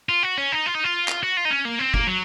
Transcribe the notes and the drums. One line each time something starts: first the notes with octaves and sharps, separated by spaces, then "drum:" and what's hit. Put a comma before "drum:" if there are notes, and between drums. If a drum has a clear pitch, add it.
F4
F#4
C#4
D#4
F4
D#4
F4
drum: clap
F#4
F4
D#4
C#4
A#3
C4
A#3, drum: kick
F#3